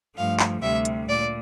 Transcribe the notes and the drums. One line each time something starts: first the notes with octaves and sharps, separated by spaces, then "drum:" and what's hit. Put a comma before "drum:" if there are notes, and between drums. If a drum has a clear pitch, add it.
G2 F3 A3 F5
drum: clap
D2 C3 G3 E5
drum: hi-hat
A#2 D5